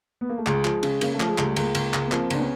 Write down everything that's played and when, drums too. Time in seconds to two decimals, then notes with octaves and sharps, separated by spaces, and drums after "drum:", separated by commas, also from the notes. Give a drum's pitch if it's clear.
0.21 B3
0.29 A#3
0.38 A3
0.47 C#2 G#3, drum: clap
0.65 F3, drum: clap
0.83 C#3, drum: cymbal
1.01 C#3 A#3, drum: cymbal
1.14 A3
1.20 F3, drum: clap
1.28 G#3
1.38 C#2 G3 A3, drum: clap
1.56 C#2 G#3 A#3, drum: cymbal
1.75 C#2, drum: cymbal
1.94 C#2, drum: clap
2.07 B3
2.12 F3 A#3 C4, drum: clap
2.30 C#2 D4, drum: cymbal
2.39 B3 C#4